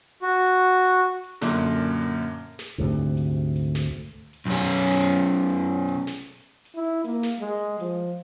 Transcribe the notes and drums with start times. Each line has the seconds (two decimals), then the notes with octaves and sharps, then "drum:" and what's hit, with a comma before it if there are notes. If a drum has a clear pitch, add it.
0.22 F#4
0.46 drum: hi-hat
0.85 drum: hi-hat
1.23 drum: hi-hat
1.41 F#2 A#2 D3, drum: snare
1.62 drum: hi-hat
2.01 drum: hi-hat
2.59 drum: snare
2.78 D2 G#2 C3, drum: hi-hat
3.17 drum: hi-hat
3.56 drum: hi-hat
3.75 drum: snare
3.94 drum: hi-hat
4.33 drum: hi-hat
4.47 B1 C#4
4.72 drum: hi-hat
4.91 drum: snare
5.10 drum: hi-hat
5.49 drum: hi-hat
5.88 drum: hi-hat
6.07 drum: snare
6.26 drum: hi-hat
6.65 drum: hi-hat
6.75 E4
7.04 A#3, drum: hi-hat
7.23 drum: snare
7.39 G#3
7.80 F3, drum: hi-hat